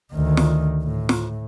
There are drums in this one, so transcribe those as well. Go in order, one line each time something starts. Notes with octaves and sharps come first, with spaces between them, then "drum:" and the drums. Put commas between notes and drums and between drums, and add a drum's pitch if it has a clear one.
D2 D#3
drum: snare
A2
drum: snare